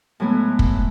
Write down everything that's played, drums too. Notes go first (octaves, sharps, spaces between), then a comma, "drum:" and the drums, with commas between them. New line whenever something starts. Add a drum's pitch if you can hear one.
A2 F#3 G#3 A3 B3
drum: kick